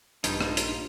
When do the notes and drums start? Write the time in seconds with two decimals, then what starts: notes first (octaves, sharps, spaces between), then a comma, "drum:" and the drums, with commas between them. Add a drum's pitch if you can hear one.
0.24 A#1 G2 D#4 F4, drum: hi-hat
0.41 drum: rim click
0.57 drum: hi-hat